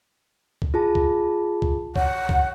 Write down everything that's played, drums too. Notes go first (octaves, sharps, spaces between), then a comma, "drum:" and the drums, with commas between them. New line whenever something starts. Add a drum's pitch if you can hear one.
drum: kick C#2
F4 G#4 A5
drum: kick C#2
drum: kick C#2
C#5 F#5, drum: kick C#2
drum: kick C#2